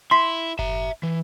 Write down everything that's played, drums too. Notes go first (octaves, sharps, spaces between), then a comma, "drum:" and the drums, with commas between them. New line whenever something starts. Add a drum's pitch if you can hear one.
E4 C6 B6
E5 A#5, drum: kick F#1
E3